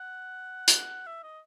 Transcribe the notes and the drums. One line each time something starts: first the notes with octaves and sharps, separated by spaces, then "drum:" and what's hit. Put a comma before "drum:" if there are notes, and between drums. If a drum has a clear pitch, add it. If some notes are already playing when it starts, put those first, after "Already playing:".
Already playing: F#5
drum: hi-hat
E5
D#5